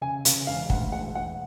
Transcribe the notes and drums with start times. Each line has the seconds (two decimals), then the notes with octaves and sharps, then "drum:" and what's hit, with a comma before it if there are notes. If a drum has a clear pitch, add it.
0.01 C#3 G#5
0.25 C#3, drum: hi-hat
0.47 E1 F5
0.70 D2 F#5, drum: kick
0.92 E1 F#5
1.15 E1 F#5